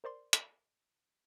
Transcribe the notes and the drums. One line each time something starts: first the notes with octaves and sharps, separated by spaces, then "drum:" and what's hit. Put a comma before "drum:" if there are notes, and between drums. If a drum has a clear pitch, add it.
A#4 C5 D5 C6
drum: hi-hat